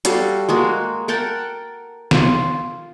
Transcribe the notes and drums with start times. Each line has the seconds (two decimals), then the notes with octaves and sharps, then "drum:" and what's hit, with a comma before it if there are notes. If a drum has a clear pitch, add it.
0.05 G3 F#4 A4 F5, drum: hi-hat
0.49 G#3 A#3 F#4
1.08 A#4 F#5 G5 A5
2.11 F4, drum: snare